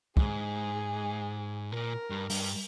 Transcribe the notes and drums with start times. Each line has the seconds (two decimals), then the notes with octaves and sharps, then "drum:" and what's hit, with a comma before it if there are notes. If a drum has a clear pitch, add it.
0.17 G#2 G#4, drum: kick
1.72 A#2 A#4
2.10 G2
2.30 G2, drum: open hi-hat